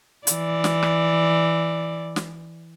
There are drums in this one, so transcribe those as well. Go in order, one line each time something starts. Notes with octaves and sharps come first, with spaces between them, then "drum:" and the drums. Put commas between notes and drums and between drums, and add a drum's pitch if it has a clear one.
E3 D5, drum: hi-hat
drum: snare
drum: rim click
drum: snare